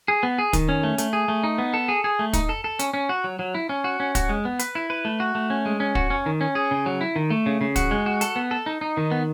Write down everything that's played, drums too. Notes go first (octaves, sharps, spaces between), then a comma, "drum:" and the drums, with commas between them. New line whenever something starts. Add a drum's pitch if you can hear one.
G#4
B3
G#4
D#3, drum: kick, hi-hat
C#4
A3
A3, drum: hi-hat
G#4
A3
D#4
B3
A4
G#4
G#4
A3
D#4, drum: kick, hi-hat
A4
A4
C#4, drum: hi-hat
C#4
F#4
F#3
F#3
E4
C#4
F#4
C#4
F#4, drum: kick, hi-hat
G#3
B3
B4, drum: hi-hat
E4
B4
A3
F#4
A3
C#4
G#3
C#4
F#4, drum: kick
C#4
D#3
C#4
G#4
C#3
F#3
E4
D#3
A3
C#3
C#3
F#4, drum: kick, hi-hat
G#3
F#4
A4, drum: hi-hat
B3
A4
D#4
D#4
D#3
B3